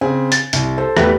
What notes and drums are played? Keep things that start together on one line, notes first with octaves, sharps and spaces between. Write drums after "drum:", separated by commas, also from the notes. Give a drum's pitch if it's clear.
C#3 C4 G#5
A6, drum: hi-hat
C2, drum: hi-hat
A4 C5
E2 A3 G4 B4 E5, drum: rim click